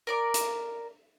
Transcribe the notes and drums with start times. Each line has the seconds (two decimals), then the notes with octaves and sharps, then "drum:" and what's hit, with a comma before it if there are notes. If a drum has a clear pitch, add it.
0.07 A#4 D5 D6
0.34 drum: hi-hat